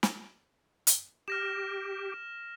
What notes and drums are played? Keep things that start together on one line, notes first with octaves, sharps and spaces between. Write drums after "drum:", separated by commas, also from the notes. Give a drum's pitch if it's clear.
drum: snare
drum: hi-hat
G4 F6 A#6 E7